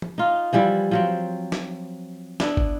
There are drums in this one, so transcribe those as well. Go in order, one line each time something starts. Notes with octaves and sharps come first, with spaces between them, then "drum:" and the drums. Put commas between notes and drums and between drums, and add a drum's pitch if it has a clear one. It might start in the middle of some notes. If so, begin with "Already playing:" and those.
drum: tom
D#4 F4
E3 F3 G3 E4
F3 F#3 C4
drum: snare
B3 D4 E4, drum: snare
drum: kick